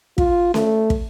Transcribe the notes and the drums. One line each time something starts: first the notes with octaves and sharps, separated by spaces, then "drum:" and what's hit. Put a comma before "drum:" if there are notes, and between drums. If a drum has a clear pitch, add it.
F4, drum: kick
A3, drum: snare C#4
drum: kick